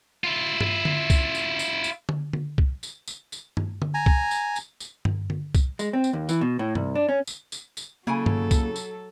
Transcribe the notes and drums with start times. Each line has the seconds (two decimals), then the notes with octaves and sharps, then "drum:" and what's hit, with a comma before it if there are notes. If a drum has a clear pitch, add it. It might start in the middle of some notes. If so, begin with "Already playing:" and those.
0.24 E4 F4
0.61 drum: tom G2
0.85 drum: tom D3
1.10 drum: kick C2, tambourine
1.35 drum: tambourine
1.59 drum: tambourine
1.84 drum: tambourine
2.09 drum: tom D3
2.33 drum: tom D3
2.58 drum: kick C2
2.83 drum: tambourine
3.08 drum: tambourine
3.32 drum: tambourine
3.57 drum: tom G2
3.82 drum: tom D3
3.94 G#5 A#5
4.06 drum: kick C2
4.31 drum: tambourine
4.56 drum: tambourine
4.80 drum: tambourine
5.05 drum: tom G2
5.30 drum: tom D3
5.55 drum: kick C2, tambourine
5.79 G#3, drum: tambourine
5.93 C4
6.04 drum: tambourine
6.13 D#2
6.29 E3, drum: tambourine
6.41 B2
6.59 A2
6.75 C2, drum: tom G2
6.95 D4
7.09 C#4
7.27 drum: tambourine
7.52 drum: tambourine
7.77 drum: tambourine
8.07 C#3 F#3 A#3 E4 A4 G#5
8.26 drum: tom G2
8.51 drum: kick C2, tambourine
8.76 drum: tambourine